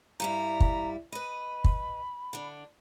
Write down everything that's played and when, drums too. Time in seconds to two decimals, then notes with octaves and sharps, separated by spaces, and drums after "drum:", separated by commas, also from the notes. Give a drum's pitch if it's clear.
0.20 G2 G3 E4 A#5
0.60 drum: kick
1.12 B4 D#5 B5
1.64 drum: kick
2.33 D3 D4